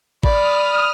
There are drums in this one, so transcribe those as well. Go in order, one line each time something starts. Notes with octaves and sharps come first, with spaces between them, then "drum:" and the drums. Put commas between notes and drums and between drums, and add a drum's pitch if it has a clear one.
D5 B5 D#6 F6, drum: kick G#1